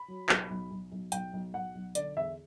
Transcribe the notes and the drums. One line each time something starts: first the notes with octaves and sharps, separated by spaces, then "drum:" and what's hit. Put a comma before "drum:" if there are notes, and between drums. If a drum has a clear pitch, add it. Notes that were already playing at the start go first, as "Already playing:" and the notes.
Already playing: B5
F#3
B1, drum: clap
B1
B1
B1
B1 G5, drum: hi-hat
B1
B1 F#5
B1
D3 D5, drum: hi-hat
E2 E5